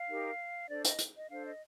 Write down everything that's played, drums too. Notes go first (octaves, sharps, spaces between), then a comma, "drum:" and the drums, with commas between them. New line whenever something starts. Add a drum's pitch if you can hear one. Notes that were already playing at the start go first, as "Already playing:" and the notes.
Already playing: F5
D#4 G4 A#4
D4 A4 C5 D5
D#5, drum: hi-hat
drum: hi-hat
D#5
D4 A4 C5 F5
D#5